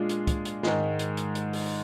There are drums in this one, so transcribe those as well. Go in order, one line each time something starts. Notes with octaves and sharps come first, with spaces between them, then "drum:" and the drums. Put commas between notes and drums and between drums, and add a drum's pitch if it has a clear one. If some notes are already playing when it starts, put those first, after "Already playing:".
Already playing: A#2 G#3 D4 F4 G#4
drum: hi-hat
drum: kick, hi-hat
drum: hi-hat
G#2 D#3 G#3, drum: snare
drum: hi-hat
drum: hi-hat
drum: hi-hat
drum: open hi-hat